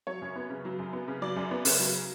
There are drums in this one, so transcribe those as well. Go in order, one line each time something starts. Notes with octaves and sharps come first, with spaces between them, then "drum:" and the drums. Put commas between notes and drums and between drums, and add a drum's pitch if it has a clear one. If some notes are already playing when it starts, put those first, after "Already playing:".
F#3 C#5
F#2
B3
C#3
F#3
F#2
B3
C#3
F#3 D5
F#2
B3
C#3, drum: open hi-hat
F#3